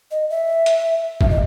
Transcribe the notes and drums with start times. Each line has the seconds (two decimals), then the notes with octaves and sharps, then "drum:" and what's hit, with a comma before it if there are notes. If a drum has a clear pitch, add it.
0.11 D#5
0.30 E5
0.66 drum: hi-hat
1.21 E5, drum: kick
1.30 D#5